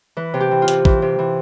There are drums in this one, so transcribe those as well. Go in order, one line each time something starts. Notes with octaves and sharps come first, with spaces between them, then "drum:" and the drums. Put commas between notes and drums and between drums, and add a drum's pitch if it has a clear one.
E3 B4
C3
G4
E3
F4
C3, drum: hi-hat
E3, drum: kick
C3
E3